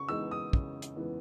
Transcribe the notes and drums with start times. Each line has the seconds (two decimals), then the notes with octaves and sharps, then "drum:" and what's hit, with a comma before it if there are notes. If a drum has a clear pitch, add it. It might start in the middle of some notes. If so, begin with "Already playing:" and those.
Already playing: C#3 C#6
0.09 E3 G#3 B3 D#4 E6
0.31 D#6
0.53 C#3, drum: kick
0.82 drum: hi-hat
0.97 E3 G#3 B3 D#4